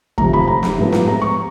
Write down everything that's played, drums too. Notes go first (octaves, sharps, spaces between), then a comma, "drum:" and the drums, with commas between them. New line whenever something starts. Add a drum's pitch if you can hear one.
C3 F3 A3 A#5, drum: kick
B5
A#5
drum: snare
A2 F3 G#3 B3
drum: snare
A#5
C#6